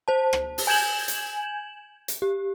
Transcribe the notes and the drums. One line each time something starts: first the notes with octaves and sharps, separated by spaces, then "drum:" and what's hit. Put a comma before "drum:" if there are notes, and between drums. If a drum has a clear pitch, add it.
C5 A5
drum: rim click
drum: open hi-hat
G#5 G6 G#6 E7 F#7
drum: hi-hat
drum: hi-hat
G4